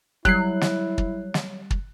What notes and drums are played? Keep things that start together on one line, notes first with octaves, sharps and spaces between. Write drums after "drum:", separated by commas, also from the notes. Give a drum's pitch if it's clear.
F#3 G3 E4 F#6 C7, drum: kick
drum: snare
drum: kick
drum: snare
drum: kick